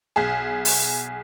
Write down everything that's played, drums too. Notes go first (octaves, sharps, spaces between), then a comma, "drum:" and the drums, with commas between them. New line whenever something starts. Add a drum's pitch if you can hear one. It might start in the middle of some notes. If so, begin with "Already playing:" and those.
B1 G#4
drum: open hi-hat